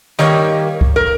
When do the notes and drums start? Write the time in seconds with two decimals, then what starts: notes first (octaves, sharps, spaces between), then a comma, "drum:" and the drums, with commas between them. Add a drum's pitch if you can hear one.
0.19 D#3 G3 A#3 C#5, drum: snare
0.81 drum: kick
0.96 A#4